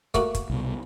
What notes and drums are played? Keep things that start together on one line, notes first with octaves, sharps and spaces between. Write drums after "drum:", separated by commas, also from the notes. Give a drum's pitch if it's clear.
A3 A#3 F#4, drum: kick, hi-hat
drum: kick, hi-hat
C2 B2